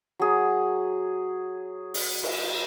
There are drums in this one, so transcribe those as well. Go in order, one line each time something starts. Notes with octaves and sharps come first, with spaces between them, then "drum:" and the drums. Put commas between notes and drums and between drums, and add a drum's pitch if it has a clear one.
F#3 G#4
drum: open hi-hat
drum: cymbal